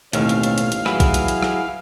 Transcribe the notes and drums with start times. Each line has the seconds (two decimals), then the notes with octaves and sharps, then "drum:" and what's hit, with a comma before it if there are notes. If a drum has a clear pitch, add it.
0.13 A1 D#2 B2 A3 C4 C#4 F5, drum: hi-hat
0.29 drum: hi-hat
0.43 drum: hi-hat
0.58 drum: hi-hat
0.72 drum: hi-hat
0.86 F#3 E4 F#4 G#4 B4, drum: rim click
1.00 drum: kick B1, hi-hat
1.14 drum: hi-hat
1.28 drum: hi-hat
1.42 drum: rim click